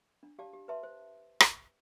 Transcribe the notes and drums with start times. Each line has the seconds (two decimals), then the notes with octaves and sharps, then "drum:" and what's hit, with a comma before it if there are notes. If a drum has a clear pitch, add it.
0.23 D4
0.39 G4 D5 F5 A5
0.53 G4
0.68 B4 E5 A5 C6
0.83 C5
1.40 drum: rim click